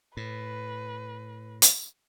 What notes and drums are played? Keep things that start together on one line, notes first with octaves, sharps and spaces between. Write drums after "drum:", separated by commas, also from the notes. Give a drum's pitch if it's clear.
A2 B4
drum: hi-hat